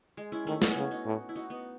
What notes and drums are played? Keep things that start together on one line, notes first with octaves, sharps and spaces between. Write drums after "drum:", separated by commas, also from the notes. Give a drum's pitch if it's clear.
G#3
C#4 E4
D#3 A3 C#4
G#3 B3, drum: snare
C#3 A3 C#4
D#4 F#4
A2
E4
D#4 F#4
B3 D#4